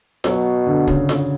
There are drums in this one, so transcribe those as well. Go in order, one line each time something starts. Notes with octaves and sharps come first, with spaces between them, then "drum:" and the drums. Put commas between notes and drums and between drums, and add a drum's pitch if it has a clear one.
B2 F#3, drum: snare
D3
C#3, drum: kick
drum: snare